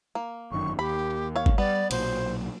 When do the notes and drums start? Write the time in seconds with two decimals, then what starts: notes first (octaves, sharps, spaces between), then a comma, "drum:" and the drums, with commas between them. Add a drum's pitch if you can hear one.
0.15 A#3
0.51 G1 F#2 D#3 C#6
0.79 D#2 G4 B5
1.36 C#5 F5
1.46 drum: kick G#1
1.58 G3 B3 D5
1.91 B1 A#2 F#3 C5, drum: cymbal